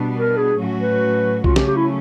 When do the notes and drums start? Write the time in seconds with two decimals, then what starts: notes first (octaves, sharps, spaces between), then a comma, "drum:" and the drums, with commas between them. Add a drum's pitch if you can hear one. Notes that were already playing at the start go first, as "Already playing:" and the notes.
Already playing: B2 G3 B3 D4
0.16 A#4
0.37 G#4
0.58 A2 F#3 A3 C#4 F#4
0.80 B4
1.44 C#3 F#3 A3 C#4 F4, drum: kick B1
1.56 G4, drum: snare
1.67 G4
1.77 E4